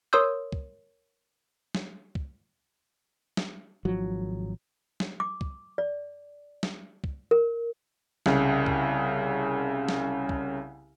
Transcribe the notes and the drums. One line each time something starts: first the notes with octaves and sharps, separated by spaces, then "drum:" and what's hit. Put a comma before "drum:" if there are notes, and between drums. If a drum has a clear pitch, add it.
A#4 C#5 C6 D#6 E6 G6
drum: kick
drum: snare
drum: kick
drum: snare
G#1 F3 F#3
drum: snare
D6
drum: kick
D5
drum: snare
drum: kick
A#4
C2 C#3, drum: snare
drum: kick
drum: snare
drum: kick